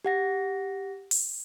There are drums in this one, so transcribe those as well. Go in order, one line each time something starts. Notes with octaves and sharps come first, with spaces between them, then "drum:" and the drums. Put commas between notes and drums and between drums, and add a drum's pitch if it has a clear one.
G4 F#5 A#6
drum: open hi-hat